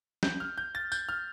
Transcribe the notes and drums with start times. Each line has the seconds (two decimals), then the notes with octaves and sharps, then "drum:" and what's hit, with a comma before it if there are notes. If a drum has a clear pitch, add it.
0.23 G6, drum: snare
0.40 F6
0.58 G6
0.75 A6
0.92 G6, drum: tambourine
1.09 F6